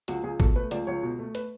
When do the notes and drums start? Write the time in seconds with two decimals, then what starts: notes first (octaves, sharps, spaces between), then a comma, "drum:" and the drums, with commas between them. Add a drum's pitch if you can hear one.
0.08 C#2 F#4, drum: hi-hat
0.24 C#2 G#4
0.40 B2 A4, drum: kick
0.56 A3 B4
0.71 C#2 D5, drum: hi-hat
0.87 C#2 C#5
1.03 B2
1.19 A3
1.35 B4, drum: hi-hat